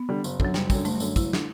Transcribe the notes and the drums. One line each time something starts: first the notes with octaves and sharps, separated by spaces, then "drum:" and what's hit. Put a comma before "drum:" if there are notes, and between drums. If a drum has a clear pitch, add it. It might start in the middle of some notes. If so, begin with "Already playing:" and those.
Already playing: B3
D3 G3
F#1, drum: tambourine
F#2 D3 F#3, drum: kick
F#1 G3, drum: snare
F#2 D3 G3, drum: kick, tambourine
F#1 A3, drum: tambourine
G3
F#2 D3, drum: tambourine
F#1 E4, drum: kick, tambourine
D3, drum: snare